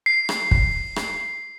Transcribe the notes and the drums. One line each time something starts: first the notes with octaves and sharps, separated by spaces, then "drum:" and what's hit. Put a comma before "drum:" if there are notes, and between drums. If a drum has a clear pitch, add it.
C7
drum: rim click
drum: kick
drum: rim click